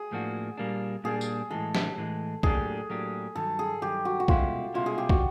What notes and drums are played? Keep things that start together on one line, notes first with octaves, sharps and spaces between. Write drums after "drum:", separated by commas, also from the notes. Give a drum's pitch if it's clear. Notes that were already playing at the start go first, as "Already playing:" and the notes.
Already playing: G#4
A2 F3 A#3 D4 F#4
A#2 G3 A#3 D4
A#2 G3 A#3 D4 G#4
drum: tambourine
A2 E3 G#3 A4
drum: snare
A2 E3 G#3
A2 F#3 A#3 D4 G4 G#4, drum: kick
A2 F#3 A#3 D4 G4
G2 D#3 F#3 A4
G#4
G2 D#3 F#3 G4
F#4
F#4
C2 B2 G#3 C#4 E4 F4, drum: kick
C2 B2 G#3 C#4 E4 F4
G#4
G4
F#4, drum: kick